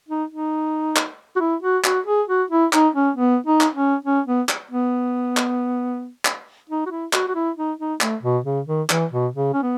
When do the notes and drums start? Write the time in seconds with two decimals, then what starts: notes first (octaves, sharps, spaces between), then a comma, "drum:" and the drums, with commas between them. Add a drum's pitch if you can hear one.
0.09 D#4
0.31 D#4
0.96 drum: clap
1.36 F#4
1.40 E4
1.63 F#4
1.84 F#4, drum: clap
2.07 G#4
2.28 F#4
2.51 E4
2.73 D#4, drum: clap
2.95 C#4
3.17 B3
3.47 D#4
3.61 drum: clap
3.75 C#4
4.05 C#4
4.27 B3
4.49 drum: clap
4.71 B3
5.37 drum: clap
6.25 drum: clap
6.70 D#4
6.86 F#4
6.91 E4
7.13 F#4, drum: clap
7.28 F#4
7.35 E4
7.57 D#4
7.79 D#4
8.01 A3, drum: clap
8.23 B2
8.45 C#3
8.67 D#3
8.90 E3, drum: clap
9.12 B2
9.34 C#3
9.53 C#4
9.62 B3